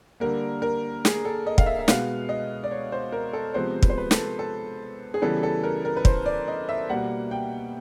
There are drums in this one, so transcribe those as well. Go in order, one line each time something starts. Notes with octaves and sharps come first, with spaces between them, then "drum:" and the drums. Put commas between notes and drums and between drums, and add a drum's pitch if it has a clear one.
D3 G3 A#3 A#4
A#4
G#4, drum: snare
A4
D#5
F5, drum: kick
E5
E5
B2 G#3 B3 F5, drum: snare
D#5
D5
C#5
C5
A#4
A4
C3 F3 G#3 B3 C5
B4, drum: kick
C5
B4
A4, drum: snare
A4
G#4
C#3 E3 G3 B3 A4
A4
A#4
A#4
B4
C5, drum: kick
D5
D#5
E5
B2 G3 A#3 F#5
G5